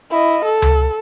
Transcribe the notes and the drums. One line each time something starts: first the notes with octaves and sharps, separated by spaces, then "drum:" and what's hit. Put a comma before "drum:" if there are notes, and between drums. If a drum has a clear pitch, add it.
E4 D#5
A4
drum: tom C#2